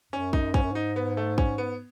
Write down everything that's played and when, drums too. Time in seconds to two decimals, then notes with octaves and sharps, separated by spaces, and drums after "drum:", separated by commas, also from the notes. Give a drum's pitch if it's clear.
0.12 F#2 C#4
0.33 D#4, drum: kick
0.54 G#2 C#4, drum: kick
0.63 F#2
0.72 G#2 D#4
0.96 B3
1.17 A3
1.38 C#4, drum: kick
1.58 B3